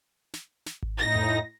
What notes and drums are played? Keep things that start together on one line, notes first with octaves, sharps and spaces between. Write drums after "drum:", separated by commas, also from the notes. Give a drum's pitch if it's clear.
drum: snare
drum: snare
drum: kick G#1
A2 D#4 A#6
drum: tom F2